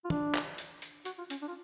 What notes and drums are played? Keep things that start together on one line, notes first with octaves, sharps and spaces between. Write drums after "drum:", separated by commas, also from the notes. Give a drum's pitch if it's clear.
F4
D4, drum: tom
drum: clap
drum: hi-hat
drum: hi-hat
F#4, drum: hi-hat
F4
C#4, drum: hi-hat
D4
F4